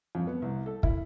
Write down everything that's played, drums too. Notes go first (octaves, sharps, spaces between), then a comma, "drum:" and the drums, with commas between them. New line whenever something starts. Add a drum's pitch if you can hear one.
F2
B3
C2
A4
E4, drum: kick